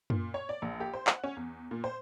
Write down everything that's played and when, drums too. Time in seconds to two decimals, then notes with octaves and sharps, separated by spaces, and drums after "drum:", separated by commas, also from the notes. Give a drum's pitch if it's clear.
0.10 A#2, drum: tom F#2
0.34 C#5
0.49 D5
0.62 A#1
0.80 G4
0.94 C5
1.07 F#5, drum: clap
1.24 C#4
1.36 E2
1.71 A#2
1.84 C5